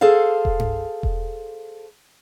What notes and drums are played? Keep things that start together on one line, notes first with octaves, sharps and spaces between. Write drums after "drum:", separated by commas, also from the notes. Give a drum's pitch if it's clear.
G#4 A4 C5 F5
drum: kick E1
drum: tom G2
drum: kick E1